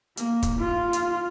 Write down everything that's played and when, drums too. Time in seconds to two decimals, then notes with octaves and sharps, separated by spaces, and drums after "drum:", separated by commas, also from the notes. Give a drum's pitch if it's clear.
0.17 A#3, drum: hi-hat
0.43 drum: kick, hi-hat
0.59 F4
0.93 drum: hi-hat